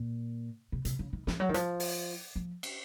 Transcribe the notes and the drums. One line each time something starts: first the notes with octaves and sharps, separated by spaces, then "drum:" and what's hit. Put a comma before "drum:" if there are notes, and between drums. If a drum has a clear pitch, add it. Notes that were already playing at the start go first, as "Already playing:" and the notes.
Already playing: A#2
C3
C3, drum: hi-hat
C#3
D#3
F3, drum: snare
F#3
D#3
F3, drum: hi-hat
drum: open hi-hat
F3
drum: cymbal